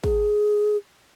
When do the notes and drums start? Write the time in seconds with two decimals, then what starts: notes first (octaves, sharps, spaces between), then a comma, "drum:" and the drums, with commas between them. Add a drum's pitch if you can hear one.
0.04 G#4, drum: kick